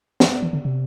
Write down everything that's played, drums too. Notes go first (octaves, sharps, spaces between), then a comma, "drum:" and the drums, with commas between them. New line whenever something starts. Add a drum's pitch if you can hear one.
E3, drum: snare
E3
D3
C3